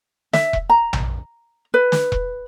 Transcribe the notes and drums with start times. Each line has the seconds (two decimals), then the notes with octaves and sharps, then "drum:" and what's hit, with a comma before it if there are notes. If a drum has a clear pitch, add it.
0.33 E5, drum: snare
0.53 drum: kick E1
0.70 A#5
0.93 drum: tom A#1
1.74 B4
1.92 drum: snare
2.12 drum: kick E1